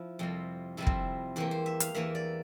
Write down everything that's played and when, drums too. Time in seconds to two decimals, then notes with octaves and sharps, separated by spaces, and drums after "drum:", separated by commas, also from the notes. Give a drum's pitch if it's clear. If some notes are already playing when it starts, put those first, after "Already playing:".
Already playing: F3 E4
0.19 F2 C3 G3 C4
0.77 F2 C3 G3 C4 E4
0.87 drum: kick
1.36 E2 E3 A#3 G4
1.51 C5
1.66 E5
1.80 F5, drum: hi-hat
1.95 E2 E3 A#3 E5
2.15 D5